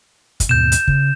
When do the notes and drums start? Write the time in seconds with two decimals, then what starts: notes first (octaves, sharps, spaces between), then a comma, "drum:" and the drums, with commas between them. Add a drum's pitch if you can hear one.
0.40 drum: kick, hi-hat
0.49 D#2 G#2 B2 G6 E7
0.72 drum: hi-hat
0.88 C#3, drum: kick